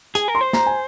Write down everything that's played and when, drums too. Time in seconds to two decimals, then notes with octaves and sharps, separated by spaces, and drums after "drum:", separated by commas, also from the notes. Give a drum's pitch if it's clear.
0.15 G#4 G#5, drum: hi-hat
0.28 A#4
0.35 C6
0.41 C5
0.53 A#5, drum: snare
0.66 G#5